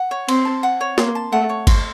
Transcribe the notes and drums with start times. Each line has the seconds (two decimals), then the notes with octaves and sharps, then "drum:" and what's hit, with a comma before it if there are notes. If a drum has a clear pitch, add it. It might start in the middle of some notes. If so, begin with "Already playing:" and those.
Already playing: F#5
0.11 C#5
0.29 C4 C6, drum: cymbal
0.45 A5
0.63 F#5
0.81 C#5
0.98 A#3 C6, drum: snare
1.15 A5
1.32 A3 F#5
1.50 C#5
1.67 C6, drum: kick G1, cymbal